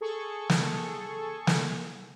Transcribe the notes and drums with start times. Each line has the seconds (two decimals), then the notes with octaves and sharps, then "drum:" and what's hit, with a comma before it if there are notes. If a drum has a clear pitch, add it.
0.01 G#4 A4 C#6
0.50 drum: snare
1.47 drum: snare